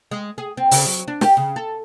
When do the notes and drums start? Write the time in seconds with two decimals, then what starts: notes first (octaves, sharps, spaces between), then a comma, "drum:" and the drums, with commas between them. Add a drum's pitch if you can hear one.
0.11 G#3
0.38 G#4
0.57 C4
0.71 C#3, drum: open hi-hat
0.86 F#3
1.08 D4
1.21 G4, drum: snare
1.37 C#3
1.56 A4